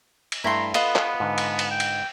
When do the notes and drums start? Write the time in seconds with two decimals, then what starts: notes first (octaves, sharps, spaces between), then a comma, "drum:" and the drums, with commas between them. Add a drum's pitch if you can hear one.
0.32 drum: cymbal
0.44 G2 A3 E4 A4 A#5 C6
0.74 B3 F4 A4 B4 D#5, drum: cymbal
0.95 drum: clap
1.20 G#2 D3
1.38 drum: cymbal
1.59 drum: cymbal
1.71 G5
1.80 drum: cymbal